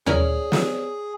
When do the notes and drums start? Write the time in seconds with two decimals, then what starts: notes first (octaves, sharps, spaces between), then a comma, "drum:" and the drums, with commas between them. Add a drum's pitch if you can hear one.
0.06 C#4 E4 G#4 A#4 C#5 D5, drum: tom D#2
0.52 drum: snare